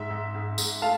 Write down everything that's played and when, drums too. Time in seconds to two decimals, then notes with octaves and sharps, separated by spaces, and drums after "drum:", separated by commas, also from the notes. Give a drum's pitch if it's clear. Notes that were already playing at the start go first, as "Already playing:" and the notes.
Already playing: G#2 E5
0.10 G#2
0.34 G#2
0.58 G#2, drum: tambourine
0.82 A3 F5 A5